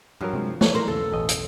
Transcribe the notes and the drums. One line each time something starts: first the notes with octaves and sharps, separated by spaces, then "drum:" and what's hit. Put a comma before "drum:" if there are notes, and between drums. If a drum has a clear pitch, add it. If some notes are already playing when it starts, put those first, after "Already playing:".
G2 F3 F#3 A#4
C3 G#3
E3 F3 G3 G#3 C#5, drum: snare
A#4 C5
B1 E2 C#3 A4
A1 D#5
drum: hi-hat